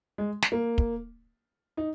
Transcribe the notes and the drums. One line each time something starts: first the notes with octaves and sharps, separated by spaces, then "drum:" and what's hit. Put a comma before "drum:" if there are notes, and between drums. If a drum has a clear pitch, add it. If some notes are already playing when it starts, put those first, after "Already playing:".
G#3
drum: snare
A#3
drum: kick
D#4